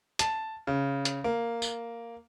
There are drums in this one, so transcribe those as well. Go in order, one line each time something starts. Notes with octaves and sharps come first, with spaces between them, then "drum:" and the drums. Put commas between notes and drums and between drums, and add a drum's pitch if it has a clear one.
A5, drum: hi-hat
C#3
drum: hi-hat
A#3
drum: tambourine